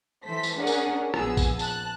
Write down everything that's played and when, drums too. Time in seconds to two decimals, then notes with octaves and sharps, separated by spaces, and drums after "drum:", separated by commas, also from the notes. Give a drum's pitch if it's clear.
0.24 E3 A4 C5 B6
0.43 drum: tambourine
0.56 C#4 D4 G#4 A#4 F#5
0.67 drum: tambourine
1.14 A#1 F3 B3 G#4 E6, drum: rim click
1.37 drum: kick A#1, tambourine
1.59 A5 F#6, drum: tambourine